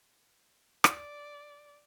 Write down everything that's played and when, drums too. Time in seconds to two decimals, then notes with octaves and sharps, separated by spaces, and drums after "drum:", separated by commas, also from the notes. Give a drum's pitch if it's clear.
0.84 D5, drum: rim click